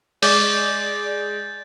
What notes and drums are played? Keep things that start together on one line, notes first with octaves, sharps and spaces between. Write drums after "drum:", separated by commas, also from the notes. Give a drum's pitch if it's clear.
G#3 D5 D#5 C#6 D6 G6 A6, drum: open hi-hat